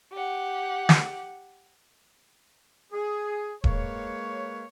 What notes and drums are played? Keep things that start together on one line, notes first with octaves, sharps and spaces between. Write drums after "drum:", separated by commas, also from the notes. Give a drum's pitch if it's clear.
G4 F#5
drum: snare
G#4
G#3 A#3 B4 C#5, drum: kick D#1